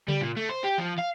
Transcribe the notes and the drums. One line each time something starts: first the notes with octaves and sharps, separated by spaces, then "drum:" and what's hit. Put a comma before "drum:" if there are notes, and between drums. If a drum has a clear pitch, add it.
G3, drum: tom C#3
A#2
A3
C5
G4
F3
F5